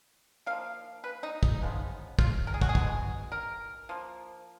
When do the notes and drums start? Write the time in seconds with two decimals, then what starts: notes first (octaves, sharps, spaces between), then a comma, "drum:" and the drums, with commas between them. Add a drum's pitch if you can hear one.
0.46 F3 A#3 F5
1.04 B4
1.23 D#4
1.43 D#4, drum: kick
1.61 C#3 F3 G#3 B3
2.19 F4, drum: kick
2.47 A#4
2.54 G#4
2.61 F#4, drum: kick
2.69 G#4
2.75 B2 G#3 B3, drum: kick
3.32 A#4
3.89 F3 A#3